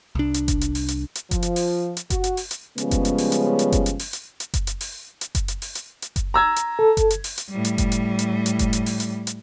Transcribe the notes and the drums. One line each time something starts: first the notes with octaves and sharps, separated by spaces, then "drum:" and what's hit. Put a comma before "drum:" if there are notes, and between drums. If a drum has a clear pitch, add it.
C2 D4
drum: hi-hat
drum: kick F#1, hi-hat
drum: hi-hat
drum: open hi-hat
drum: hi-hat
drum: hi-hat
F3, drum: kick F#1, hi-hat
drum: hi-hat
drum: open hi-hat
drum: hi-hat
F#4, drum: kick F#1, hi-hat
drum: hi-hat
drum: open hi-hat
drum: hi-hat
C#3 F3 G3 G#3 B3 C#4, drum: hi-hat
drum: kick F#1, hi-hat
drum: hi-hat
drum: open hi-hat
drum: hi-hat
drum: hi-hat
drum: kick F#1, hi-hat
drum: hi-hat
drum: open hi-hat
drum: hi-hat
drum: hi-hat
drum: kick F#1, hi-hat
drum: hi-hat
drum: open hi-hat
drum: hi-hat
drum: kick F#1, hi-hat
drum: hi-hat
drum: open hi-hat
drum: hi-hat
drum: hi-hat
drum: kick F#1, hi-hat
A#5 E6 G#6
drum: hi-hat
A4
drum: kick F#1, hi-hat
drum: hi-hat
drum: open hi-hat
drum: hi-hat
A2 G3
drum: hi-hat
drum: kick F#1, hi-hat
drum: hi-hat
drum: hi-hat
drum: hi-hat
drum: kick F#1, hi-hat
drum: hi-hat
drum: open hi-hat
drum: hi-hat
drum: hi-hat